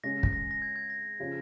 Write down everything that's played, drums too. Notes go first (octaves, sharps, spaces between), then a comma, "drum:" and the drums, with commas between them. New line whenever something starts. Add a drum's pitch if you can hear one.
C#3 G#3 C#4 G#4 C#5 A#6
drum: kick
A#6
A#6
G#6
G#6
A#6
C#3 F3 C#4